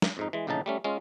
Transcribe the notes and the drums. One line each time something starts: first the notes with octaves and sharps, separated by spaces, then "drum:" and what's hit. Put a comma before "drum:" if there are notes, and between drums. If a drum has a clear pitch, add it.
drum: snare
F2 G#2 D#4
E3 G#3
A#1 A2 C#3 E3 D#4 A5
G3 A3 C#4
G#3 C#4 F4